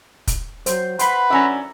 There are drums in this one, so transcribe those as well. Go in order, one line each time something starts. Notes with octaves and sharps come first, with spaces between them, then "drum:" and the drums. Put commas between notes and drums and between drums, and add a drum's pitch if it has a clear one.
drum: kick, hi-hat
F#3 C5, drum: hi-hat
B4 F#5 B5 C6, drum: hi-hat
F#3 C#4 D4 E5 A#5